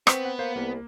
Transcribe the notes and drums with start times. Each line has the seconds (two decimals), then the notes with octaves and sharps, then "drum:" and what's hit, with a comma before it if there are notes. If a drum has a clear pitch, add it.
0.07 B3 C4 B4 C#6 B6, drum: rim click
0.25 F#5
0.39 A#3 C5
0.56 C2 A#3